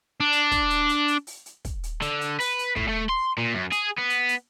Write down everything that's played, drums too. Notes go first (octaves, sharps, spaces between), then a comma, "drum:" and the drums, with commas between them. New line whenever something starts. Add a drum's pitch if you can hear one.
D4
drum: hi-hat
drum: kick, hi-hat
drum: hi-hat
drum: hi-hat
drum: hi-hat
drum: open hi-hat
drum: hi-hat
drum: kick, hi-hat
drum: hi-hat
D3, drum: hi-hat
drum: hi-hat
B4, drum: open hi-hat
drum: hi-hat
A2, drum: kick
A3
C6
A#2
F#2
G#4, drum: hi-hat
B3
drum: hi-hat
drum: hi-hat